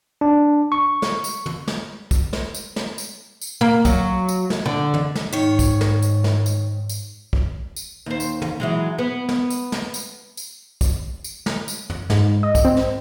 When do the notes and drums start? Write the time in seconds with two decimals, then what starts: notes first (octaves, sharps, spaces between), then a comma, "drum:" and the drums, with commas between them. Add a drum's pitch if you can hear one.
0.21 D4
0.72 C#6
1.02 drum: snare
1.24 drum: tambourine
1.46 drum: tom
1.68 drum: snare
2.11 drum: kick, tambourine
2.33 drum: snare
2.54 drum: tambourine
2.76 drum: snare
2.98 drum: tambourine
3.41 drum: tambourine
3.61 A#3
3.85 F#3, drum: kick, tambourine
4.28 drum: tambourine
4.50 drum: snare
4.66 D3
4.94 drum: tom
5.15 drum: snare
5.33 G#2 D#3 C#5
5.59 drum: kick, tambourine
5.81 drum: snare
6.02 drum: tambourine
6.24 drum: snare
6.46 drum: tambourine
6.89 drum: tambourine
7.33 drum: kick
7.76 drum: tambourine
8.06 D#2 C5
8.20 drum: tambourine
8.42 drum: tom
8.60 E3 F#3 G#3
8.99 B3
9.29 drum: snare
9.50 drum: tambourine
9.72 drum: snare
9.94 drum: tambourine
10.37 drum: tambourine
10.81 drum: kick, tambourine
11.24 drum: tambourine
11.46 drum: snare
11.68 drum: tambourine
11.90 drum: tom
12.10 G#2, drum: snare
12.43 D#5
12.55 drum: kick, tambourine
12.65 C4
12.77 drum: snare